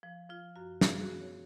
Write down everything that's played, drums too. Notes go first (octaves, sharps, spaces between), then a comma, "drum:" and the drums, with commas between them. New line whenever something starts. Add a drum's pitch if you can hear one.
F3
F3 F4
F#2 F#4
F3 G#4, drum: snare
F#4
B3
C#5